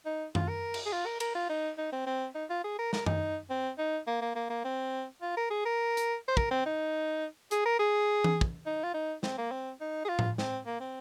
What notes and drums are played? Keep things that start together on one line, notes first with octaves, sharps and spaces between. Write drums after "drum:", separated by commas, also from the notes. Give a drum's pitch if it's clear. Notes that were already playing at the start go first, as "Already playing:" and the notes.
D#4
F4, drum: tom F#2
A#4
drum: cymbal
G#4
F4
A#4
A#4, drum: cymbal
F4
D#4
D#4
C4
C4
D#4
F4
G#4
A#4
A#4, drum: snare
D#4, drum: tom F#2
C4
D#4
A#3
A#3
A#3
A#3
C4
F4
A#4
G#4
A#4
drum: hi-hat
C5
A#4, drum: kick
C4
D#4
G#4, drum: hi-hat
A#4
G#4
drum: tom E3
drum: kick
D#4
F4
D#4
C4, drum: snare
A#3
C4
D#4
G#4
F4
drum: tom A2
C4, drum: snare
A#3
C4